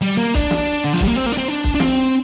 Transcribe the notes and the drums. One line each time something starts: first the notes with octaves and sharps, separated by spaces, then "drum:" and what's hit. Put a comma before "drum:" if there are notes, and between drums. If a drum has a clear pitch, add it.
G3
A#3
D4, drum: kick, hi-hat
drum: snare
drum: hi-hat
D3
F3
G3, drum: kick, hi-hat
A#3
C4
A#3
D4, drum: hi-hat
C4
D4
drum: kick, hi-hat
D4
C4, drum: snare
drum: hi-hat